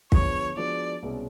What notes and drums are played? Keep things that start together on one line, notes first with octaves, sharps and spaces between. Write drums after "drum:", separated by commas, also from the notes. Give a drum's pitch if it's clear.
D3 F3 G#3 B3 C#5, drum: kick
F3 G#3 B3 D4 F#4 D5
C2 B2 G#3 C#4